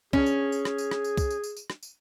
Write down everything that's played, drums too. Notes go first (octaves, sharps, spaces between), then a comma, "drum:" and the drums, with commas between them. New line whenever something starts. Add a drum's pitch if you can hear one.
C#4 G#4, drum: kick C2
drum: tambourine
drum: tambourine
drum: rim click
drum: tambourine
drum: rim click
drum: tambourine
drum: kick C2, tambourine
drum: tambourine
drum: tambourine
drum: tambourine
drum: rim click
drum: tambourine